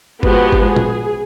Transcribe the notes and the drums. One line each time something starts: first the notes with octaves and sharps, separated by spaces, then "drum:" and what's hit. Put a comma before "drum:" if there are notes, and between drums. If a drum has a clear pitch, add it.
F3 G#3 B3 F#4 G4, drum: kick
drum: kick
G#4
drum: tom A#2